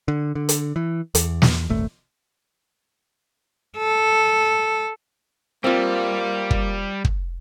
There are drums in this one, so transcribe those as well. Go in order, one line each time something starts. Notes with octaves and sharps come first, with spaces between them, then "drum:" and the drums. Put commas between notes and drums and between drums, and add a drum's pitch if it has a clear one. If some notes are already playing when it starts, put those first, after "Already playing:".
D3
D3
drum: hi-hat
E3
E2, drum: hi-hat
drum: snare
D#1 G#1 A3
A4
G3 A#3 C4 F4
drum: kick
drum: kick